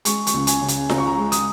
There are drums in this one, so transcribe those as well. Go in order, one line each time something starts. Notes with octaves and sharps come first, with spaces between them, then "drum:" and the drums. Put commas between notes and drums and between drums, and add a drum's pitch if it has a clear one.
G#3 C#6, drum: hi-hat
C#6, drum: hi-hat
C#2
G#5, drum: hi-hat
C#3
G#5, drum: hi-hat
C#2 A#5, drum: snare F4
C#6
A#5
G#3
D#6, drum: hi-hat